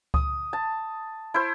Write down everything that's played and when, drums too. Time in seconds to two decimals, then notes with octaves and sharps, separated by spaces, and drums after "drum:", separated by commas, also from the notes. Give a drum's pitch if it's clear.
0.14 D#6, drum: kick C#2
0.53 A5
1.34 E4 C5